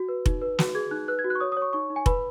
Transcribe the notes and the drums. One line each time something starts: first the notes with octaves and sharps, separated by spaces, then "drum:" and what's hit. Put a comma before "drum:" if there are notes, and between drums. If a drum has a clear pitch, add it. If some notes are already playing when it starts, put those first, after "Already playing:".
Already playing: F#4
B4
D#4, drum: kick F1
B4
F#4, drum: snare
G#4 G#6
D#4 F#6
B4 F#6
G#6
F#4
F#6
C#6
C#5 D#6
D#6
C#5
C#6
D#4 C#6
D#4
G#5
B4 B5, drum: kick F1